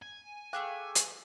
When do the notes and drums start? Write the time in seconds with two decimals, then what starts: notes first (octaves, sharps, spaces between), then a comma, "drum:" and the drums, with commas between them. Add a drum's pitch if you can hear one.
0.02 G#5
0.53 A3 G#4 F5 G5 D6 F#6
0.95 drum: hi-hat